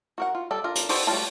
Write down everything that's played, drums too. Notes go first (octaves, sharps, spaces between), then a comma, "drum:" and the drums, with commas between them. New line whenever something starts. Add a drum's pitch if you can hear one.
F#4 A#4 F#5
F4
G3 A4 D5
D4 F4 A#4
drum: hi-hat
F#4 G#4 A4 C5 D5, drum: open hi-hat
F#3 G3 A3 F4 A5